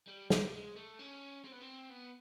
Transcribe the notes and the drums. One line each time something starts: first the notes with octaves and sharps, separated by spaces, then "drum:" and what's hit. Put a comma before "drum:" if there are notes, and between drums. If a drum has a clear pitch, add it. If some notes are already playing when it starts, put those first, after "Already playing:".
G3
G3, drum: snare
G#3
A3
C#4
C4
B3
C4
B3